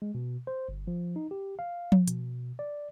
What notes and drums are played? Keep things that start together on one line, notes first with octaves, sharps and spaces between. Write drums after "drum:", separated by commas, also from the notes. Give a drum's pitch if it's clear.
G#3
B2
C5
G1
F3
D#4
G4
F5
drum: tom F3
B2, drum: hi-hat
D5